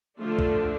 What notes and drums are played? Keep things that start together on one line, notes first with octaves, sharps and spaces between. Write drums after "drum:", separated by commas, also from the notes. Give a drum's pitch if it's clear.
D3 F3 A3 D4 F4
drum: kick